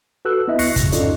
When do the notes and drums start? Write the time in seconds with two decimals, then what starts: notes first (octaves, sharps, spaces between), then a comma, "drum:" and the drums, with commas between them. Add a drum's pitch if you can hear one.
0.25 F#4 A4 B4 E6 F#6
0.48 B3 E4 D#5 E5
0.59 D2 C#6 F#6 A#6 C7 C#7, drum: open hi-hat
0.76 F2 G#2 C#3, drum: kick, hi-hat
0.92 C#4 D#4 F4 A4 D5 D#5, drum: hi-hat